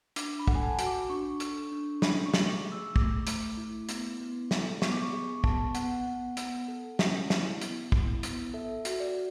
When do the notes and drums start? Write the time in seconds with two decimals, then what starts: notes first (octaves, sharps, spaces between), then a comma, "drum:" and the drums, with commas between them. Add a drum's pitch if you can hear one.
0.16 D4 D6, drum: hi-hat
0.40 B5
0.47 A4 F#5, drum: kick
0.55 G#5
0.63 A5
0.79 F#4, drum: hi-hat
0.87 D6
1.10 D4 C#6
1.40 A4, drum: hi-hat
1.72 D4
2.02 C#4 B5, drum: snare
2.26 C#6
2.34 A3, drum: snare
2.49 D6
2.65 G#4
2.72 E6
2.96 A3 D6, drum: kick
3.27 A3, drum: hi-hat
3.57 E4
3.89 B3, drum: hi-hat
4.20 B3
4.51 A4, drum: snare
4.82 B3 C#6, drum: snare
4.92 D6
5.02 C#6
5.13 G#4 C#6
5.44 B3 A5, drum: kick
5.75 B3 F#5, drum: hi-hat
6.06 B3
6.37 B3, drum: hi-hat
6.68 A4
6.99 C#4, drum: snare
7.30 E4, drum: snare
7.61 B3, drum: hi-hat
7.92 E4, drum: kick
8.23 B3, drum: hi-hat
8.54 A4 E5
8.85 F#4, drum: hi-hat
9.00 D5